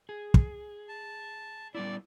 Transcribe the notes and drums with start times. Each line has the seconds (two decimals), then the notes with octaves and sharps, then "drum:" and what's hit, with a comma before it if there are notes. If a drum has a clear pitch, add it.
0.09 G#4
0.34 drum: kick
0.89 A5
1.75 G3 B3 E4 D5